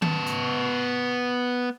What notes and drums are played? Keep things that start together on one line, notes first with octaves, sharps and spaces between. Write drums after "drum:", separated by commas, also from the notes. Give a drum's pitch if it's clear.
B3 A5, drum: tom D#3
drum: hi-hat